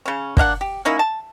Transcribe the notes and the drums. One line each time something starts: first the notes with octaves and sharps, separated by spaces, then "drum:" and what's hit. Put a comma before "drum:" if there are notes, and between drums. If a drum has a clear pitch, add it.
C#3 C#4
A#3 D4 F5 F#5, drum: kick
G4
A#3 C#4 D#4 E4
A5